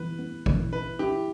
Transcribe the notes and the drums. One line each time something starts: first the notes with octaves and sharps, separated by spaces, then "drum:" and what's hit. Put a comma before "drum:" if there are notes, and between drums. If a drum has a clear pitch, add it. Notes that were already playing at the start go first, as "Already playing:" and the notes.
Already playing: E3 B3 B4
B3
E3, drum: kick G#1
E4 B4
E4 G4